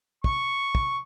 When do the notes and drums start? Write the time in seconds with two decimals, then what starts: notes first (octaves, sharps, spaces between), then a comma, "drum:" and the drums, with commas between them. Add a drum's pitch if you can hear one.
0.24 C#6, drum: kick
0.75 drum: kick